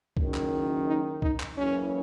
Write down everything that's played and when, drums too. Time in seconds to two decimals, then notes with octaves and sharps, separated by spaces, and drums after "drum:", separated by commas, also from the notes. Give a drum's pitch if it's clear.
0.17 F#1 F#2 D#3, drum: kick
0.34 drum: clap
0.87 D#4
1.22 D#4, drum: kick
1.40 drum: clap
1.57 F#1 F#2 C#3 E3 C#4